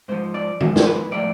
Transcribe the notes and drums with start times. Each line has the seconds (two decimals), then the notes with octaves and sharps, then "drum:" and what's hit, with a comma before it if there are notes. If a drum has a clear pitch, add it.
0.08 G#2 F3 C5
0.34 D5
0.60 G#2 F3, drum: tom
0.76 C5, drum: snare
0.86 B4
1.11 A2 F3 D5